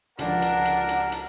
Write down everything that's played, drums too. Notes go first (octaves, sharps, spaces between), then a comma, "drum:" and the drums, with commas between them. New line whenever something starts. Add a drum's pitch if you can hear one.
C#2 D3 F3 D4 A#4 F#5, drum: hi-hat
drum: hi-hat
drum: hi-hat
drum: hi-hat
drum: hi-hat